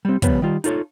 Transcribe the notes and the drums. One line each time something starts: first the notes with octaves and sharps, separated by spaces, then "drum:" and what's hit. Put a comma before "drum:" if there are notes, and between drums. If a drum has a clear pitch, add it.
G3 C4
C#3 F3 G3 B3 B4, drum: kick, hi-hat
D#3 G3 F4
D#4 F4 A4 C#5, drum: hi-hat